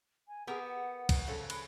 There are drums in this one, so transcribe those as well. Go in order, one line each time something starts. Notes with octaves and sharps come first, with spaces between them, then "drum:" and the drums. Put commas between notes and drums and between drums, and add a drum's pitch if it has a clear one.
G#5
B3 G4 G#4 A#4 E5
F#5
drum: kick, cymbal
C#3 F3 A4
D#5 B5, drum: cymbal